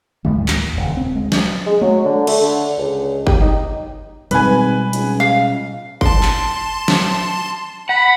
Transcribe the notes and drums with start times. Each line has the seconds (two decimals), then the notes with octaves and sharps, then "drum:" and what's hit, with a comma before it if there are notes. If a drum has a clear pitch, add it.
0.25 D2 A2 E3 G3, drum: tom G#3
0.48 D#2, drum: clap
0.77 D#1 C#3
0.97 C4
1.15 D2 G#3
1.32 drum: snare
1.66 G#3
1.81 F#3, drum: tom G#3
2.05 D3
2.27 A3, drum: cymbal
2.40 D3
2.78 C#2
3.27 G4, drum: kick G1
3.41 D#4
4.31 G#1 B2 G3 B4 G#5, drum: hi-hat
4.93 C#2, drum: hi-hat
5.20 F5
6.01 A5 C6, drum: kick G1
6.23 drum: clap
6.88 drum: snare
7.89 F#5 B5